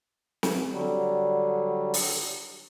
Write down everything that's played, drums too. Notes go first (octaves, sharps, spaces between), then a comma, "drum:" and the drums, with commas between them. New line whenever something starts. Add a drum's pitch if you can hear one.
drum: snare
D3 F#3 G3
drum: open hi-hat